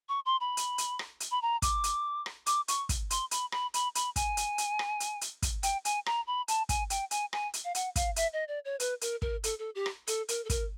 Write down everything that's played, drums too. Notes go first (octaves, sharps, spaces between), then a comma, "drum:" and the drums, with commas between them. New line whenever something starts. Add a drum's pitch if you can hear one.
C#6
C6
B5
drum: hi-hat
drum: hi-hat
drum: rim click
drum: hi-hat
B5
A#5
D6, drum: kick, hi-hat
drum: hi-hat
drum: rim click
D6, drum: hi-hat
C#6, drum: hi-hat
drum: kick, hi-hat
C6, drum: hi-hat
B5, drum: hi-hat
B5, drum: rim click
B5, drum: hi-hat
B5, drum: hi-hat
G#5, drum: kick, hi-hat
drum: hi-hat
drum: hi-hat
drum: rim click
drum: hi-hat
drum: hi-hat
drum: kick, hi-hat
G5, drum: hi-hat
G#5, drum: hi-hat
A#5, drum: rim click
B5
A5, drum: hi-hat
G#5, drum: kick, hi-hat
G5, drum: hi-hat
G#5, drum: hi-hat
G#5, drum: rim click
drum: hi-hat
F5
F#5, drum: hi-hat
F5, drum: kick, hi-hat
E5, drum: hi-hat
D#5
D5
C#5
B4, drum: hi-hat
A#4, drum: hi-hat
A#4, drum: kick
A4, drum: hi-hat
A4
G4
drum: rim click
A4, drum: hi-hat
A#4, drum: hi-hat
A4
A#4, drum: kick, hi-hat